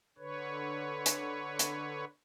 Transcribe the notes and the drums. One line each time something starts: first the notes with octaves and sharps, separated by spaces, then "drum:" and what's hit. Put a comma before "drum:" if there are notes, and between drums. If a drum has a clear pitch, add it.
D3 B4 C#5
drum: hi-hat
drum: hi-hat